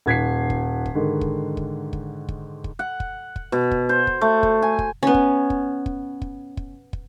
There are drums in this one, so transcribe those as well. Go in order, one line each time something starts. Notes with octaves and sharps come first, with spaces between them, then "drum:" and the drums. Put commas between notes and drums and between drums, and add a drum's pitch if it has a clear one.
D#1 G#6 B6 C7
drum: kick
drum: kick
G#2 D3 D#3
drum: kick
drum: kick
drum: kick
drum: kick
drum: kick
F#5
drum: kick
drum: kick
B2
drum: kick
C5
drum: kick
A3
drum: kick
G#5
drum: kick
B3 C#4
drum: kick
drum: kick
drum: kick
drum: kick
drum: kick
drum: kick